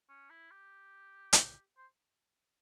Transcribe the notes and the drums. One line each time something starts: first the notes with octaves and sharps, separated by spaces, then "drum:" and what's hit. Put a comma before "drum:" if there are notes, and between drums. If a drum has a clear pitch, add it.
C#4
E4
G4
drum: hi-hat
C5